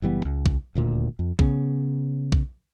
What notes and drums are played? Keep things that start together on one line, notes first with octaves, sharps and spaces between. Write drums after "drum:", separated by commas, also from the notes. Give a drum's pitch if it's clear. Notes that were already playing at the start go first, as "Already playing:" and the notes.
F#1 E3 G3 B3
C#2
drum: kick B1
D#1 D2 A#2
F2
C#3 B3 C#4, drum: kick B1
drum: kick B1